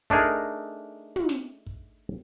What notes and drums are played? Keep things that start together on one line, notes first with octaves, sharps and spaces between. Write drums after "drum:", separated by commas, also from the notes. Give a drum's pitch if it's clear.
A3 D4 D#4 G#4 A#4, drum: kick
drum: tom
drum: snare
drum: kick